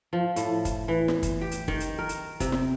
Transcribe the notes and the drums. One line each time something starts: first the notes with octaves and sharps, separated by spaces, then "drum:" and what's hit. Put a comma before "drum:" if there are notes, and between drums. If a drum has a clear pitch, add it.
F3
A2, drum: hi-hat
drum: kick, hi-hat
E3
drum: snare
drum: kick, hi-hat
G4
drum: hi-hat
D#3, drum: kick
drum: hi-hat
A#4
drum: hi-hat
C3, drum: kick, hi-hat
drum: snare